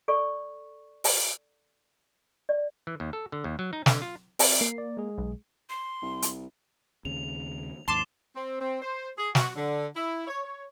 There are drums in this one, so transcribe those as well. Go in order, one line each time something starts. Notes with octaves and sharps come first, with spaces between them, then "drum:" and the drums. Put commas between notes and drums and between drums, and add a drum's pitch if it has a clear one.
A4 D5 C#6
drum: open hi-hat
D5
E3
D#2
A4
D3
D#2
F#3
D#4
D3, drum: snare
F4
C4 D5 E5, drum: open hi-hat
A#3 C7
D5
G#3 G#4
B1
C6
C2
drum: hi-hat
D#2 C#3 F7
D#2 G#2 A5 C6 D6 E7 G7
C4
C4
C5
G#4
F#4, drum: snare
D3
E4
C#5
C#5